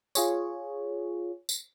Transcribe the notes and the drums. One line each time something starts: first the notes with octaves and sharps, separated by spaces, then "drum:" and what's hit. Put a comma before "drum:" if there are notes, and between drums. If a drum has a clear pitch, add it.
F4 G#4 C#5, drum: tambourine
drum: tambourine